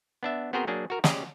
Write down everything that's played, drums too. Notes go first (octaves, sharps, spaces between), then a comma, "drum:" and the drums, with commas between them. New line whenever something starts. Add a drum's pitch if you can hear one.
B3 D4 E5
B3 C4 F#4 G#4 A#4 C5
F#3 A#3 D4 G#4
F#4 A#4
C#4 G4 G#4 D5 D#5, drum: snare